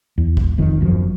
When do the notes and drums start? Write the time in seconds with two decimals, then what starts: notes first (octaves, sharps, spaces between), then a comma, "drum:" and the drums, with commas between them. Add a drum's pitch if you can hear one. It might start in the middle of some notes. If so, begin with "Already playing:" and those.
0.18 E2
0.37 E1, drum: kick A#1
0.58 E1 F2 D#3
0.81 G1 F#2 C#3 F3